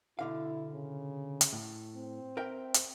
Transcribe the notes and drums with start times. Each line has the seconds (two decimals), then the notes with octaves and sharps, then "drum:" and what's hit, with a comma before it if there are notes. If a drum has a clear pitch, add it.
0.19 B2 D3 E4 F5
0.74 C#3
1.41 drum: hi-hat
1.53 A2
1.96 C4
2.37 A#4 E5 G5
2.74 drum: hi-hat